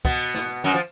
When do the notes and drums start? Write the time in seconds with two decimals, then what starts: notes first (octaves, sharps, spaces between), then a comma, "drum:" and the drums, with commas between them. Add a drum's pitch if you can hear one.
0.05 B2 B3, drum: kick
0.34 drum: snare
0.64 F#2 F#3
0.74 F3